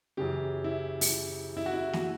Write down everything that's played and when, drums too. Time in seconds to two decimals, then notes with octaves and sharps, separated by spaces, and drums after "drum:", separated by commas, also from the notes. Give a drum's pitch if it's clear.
0.17 F#2 C#3 E3 G4
0.64 E4
1.01 drum: open hi-hat
1.57 E4
1.66 F#4
1.74 E4
1.93 F#4, drum: snare